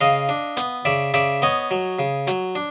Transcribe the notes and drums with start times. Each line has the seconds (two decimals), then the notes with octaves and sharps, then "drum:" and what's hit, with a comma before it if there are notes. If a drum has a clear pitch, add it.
0.01 C#3 D#5 F5
0.29 D4
0.57 B3, drum: hi-hat
0.85 C#3 D5 E5
1.14 C#3 D5 E5, drum: hi-hat
1.42 B3 C#5 D#5
1.71 F#3
1.99 C#3
2.27 F#3, drum: hi-hat
2.55 D4